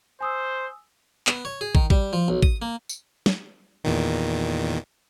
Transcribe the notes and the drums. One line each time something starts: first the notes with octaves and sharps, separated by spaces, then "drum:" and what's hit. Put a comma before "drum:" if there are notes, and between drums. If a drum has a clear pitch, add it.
C5 G#5 D#6 E6
B3, drum: clap
C#5
G#4
D#3, drum: kick
G3, drum: kick
F3
B1
D#6, drum: kick
A#3
drum: tambourine
drum: snare
E2 A#2 D#3